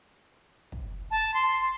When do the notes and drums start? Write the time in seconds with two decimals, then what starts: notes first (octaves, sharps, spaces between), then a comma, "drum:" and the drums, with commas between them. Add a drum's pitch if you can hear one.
0.72 drum: kick
1.11 A5
1.34 C6